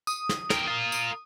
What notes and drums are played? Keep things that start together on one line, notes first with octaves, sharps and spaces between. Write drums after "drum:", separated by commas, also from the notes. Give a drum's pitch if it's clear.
D#6, drum: tambourine
drum: snare
G4 A#4, drum: snare
F4 A#4
drum: tambourine